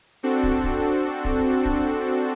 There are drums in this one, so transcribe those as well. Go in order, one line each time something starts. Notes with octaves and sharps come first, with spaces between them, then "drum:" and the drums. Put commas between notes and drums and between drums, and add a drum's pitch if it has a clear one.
C4 D4 F#4 A4
drum: kick
drum: kick
drum: kick
drum: kick